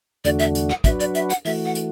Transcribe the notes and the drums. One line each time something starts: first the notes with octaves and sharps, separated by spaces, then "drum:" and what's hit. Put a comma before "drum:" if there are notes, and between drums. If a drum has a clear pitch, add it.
E2 D3 A3 D4 F#4 D5, drum: hi-hat
E5, drum: hi-hat
drum: hi-hat
F#5, drum: rim click
F#3 D4 F#4 B4 E5, drum: kick, hi-hat
D5, drum: hi-hat
E5, drum: hi-hat
F#5, drum: hi-hat
E3 A3 F#4 E5, drum: open hi-hat
F#5
drum: hi-hat